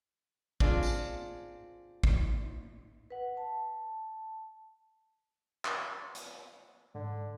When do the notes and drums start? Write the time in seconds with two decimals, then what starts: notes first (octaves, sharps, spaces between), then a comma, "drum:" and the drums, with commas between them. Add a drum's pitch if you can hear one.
0.60 C4 D4 F4 G#4, drum: kick
0.83 drum: tambourine
2.03 drum: kick
3.10 B4 F#5
3.37 A5
5.65 drum: clap
6.15 drum: hi-hat
6.95 G#2 D3